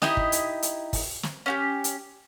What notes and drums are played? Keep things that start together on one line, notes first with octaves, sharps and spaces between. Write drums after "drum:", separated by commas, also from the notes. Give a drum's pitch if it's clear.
D#4 E4 G4 D#5, drum: snare
drum: kick
drum: hi-hat
drum: hi-hat
drum: kick, open hi-hat
drum: snare
C#4 F#4 G4
drum: hi-hat